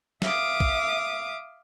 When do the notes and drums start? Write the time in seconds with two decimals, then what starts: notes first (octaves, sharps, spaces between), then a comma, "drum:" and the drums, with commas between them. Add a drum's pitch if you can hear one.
0.22 E5 F5 D6 D#6, drum: snare
0.60 drum: kick